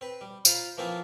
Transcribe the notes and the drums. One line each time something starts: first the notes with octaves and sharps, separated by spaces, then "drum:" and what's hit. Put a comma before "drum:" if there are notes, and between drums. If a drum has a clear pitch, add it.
C4 B4
G3
F4 C5 A#5 B5, drum: tambourine
E3 F3 A#3 C4 E4 F4